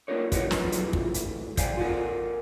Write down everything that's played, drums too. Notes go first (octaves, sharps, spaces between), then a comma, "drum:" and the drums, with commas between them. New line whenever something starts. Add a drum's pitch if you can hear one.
A#3 C#4 D4 F4 A#4 C#5
E4 G4 B4 C#5 D#5 F#5, drum: kick, hi-hat
B1 F#3 D4 F4 B4 C6, drum: snare
drum: hi-hat
D2 G2 E3
drum: kick
drum: hi-hat
C5 D5 F5 G5 G#5, drum: kick, hi-hat
F4 A#4 F#5 G#5